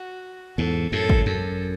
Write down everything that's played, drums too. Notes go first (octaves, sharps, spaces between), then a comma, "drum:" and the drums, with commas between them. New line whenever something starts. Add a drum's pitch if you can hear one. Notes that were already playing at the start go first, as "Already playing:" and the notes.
Already playing: F#4
E2 G#2 A4
F#2 A2 A4
drum: kick
F#2 A4